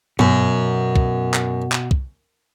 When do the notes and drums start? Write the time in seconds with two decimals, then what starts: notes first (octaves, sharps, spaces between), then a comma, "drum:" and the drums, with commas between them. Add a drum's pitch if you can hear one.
0.19 F#2 B2, drum: tom G2
0.96 drum: kick
1.34 drum: clap
1.72 drum: clap
1.91 drum: kick